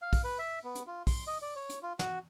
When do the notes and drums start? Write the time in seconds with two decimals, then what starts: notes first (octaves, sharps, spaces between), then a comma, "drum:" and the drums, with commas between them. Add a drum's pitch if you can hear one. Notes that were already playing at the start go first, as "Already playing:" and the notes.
0.02 F5
0.13 drum: kick, open hi-hat
0.24 B4
0.39 E5
0.64 B3
0.75 drum: hi-hat
0.87 F4
1.07 C6, drum: kick, open hi-hat
1.27 D#5
1.42 D5
1.56 C#5
1.70 drum: hi-hat
1.83 F4
1.99 F#4, drum: snare